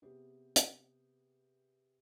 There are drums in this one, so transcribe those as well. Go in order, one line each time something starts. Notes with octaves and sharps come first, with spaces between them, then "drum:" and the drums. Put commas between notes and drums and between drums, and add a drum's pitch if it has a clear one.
C3 B3 G4 G#4
drum: hi-hat